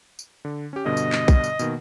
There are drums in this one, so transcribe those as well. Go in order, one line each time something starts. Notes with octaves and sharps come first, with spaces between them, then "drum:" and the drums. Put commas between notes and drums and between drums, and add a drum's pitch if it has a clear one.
drum: tambourine
D3
C#4 G4
G2 B2 D3 D#5
drum: tambourine
drum: clap
drum: kick B1, tambourine
drum: tambourine
B2 D#3 A#3, drum: tambourine